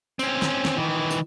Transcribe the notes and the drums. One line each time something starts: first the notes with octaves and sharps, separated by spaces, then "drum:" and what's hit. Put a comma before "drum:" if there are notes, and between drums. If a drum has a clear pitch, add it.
C4 C#4, drum: tambourine
drum: snare
drum: snare
D#3 E3
drum: tambourine